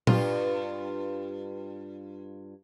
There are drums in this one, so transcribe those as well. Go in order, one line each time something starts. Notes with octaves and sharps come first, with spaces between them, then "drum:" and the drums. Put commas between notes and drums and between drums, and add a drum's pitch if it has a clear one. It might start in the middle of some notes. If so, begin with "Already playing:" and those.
G2 F4, drum: tom A#2